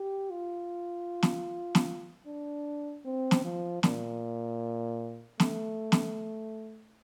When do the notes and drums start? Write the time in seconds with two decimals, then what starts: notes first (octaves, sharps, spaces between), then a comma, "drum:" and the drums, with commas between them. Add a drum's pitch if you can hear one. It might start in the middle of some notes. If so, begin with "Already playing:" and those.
Already playing: G4
0.31 F4
1.23 drum: snare
1.75 drum: snare
2.26 D4
3.05 C4
3.31 drum: snare
3.44 F3
3.83 A#2, drum: snare
5.40 A3, drum: snare
5.92 drum: snare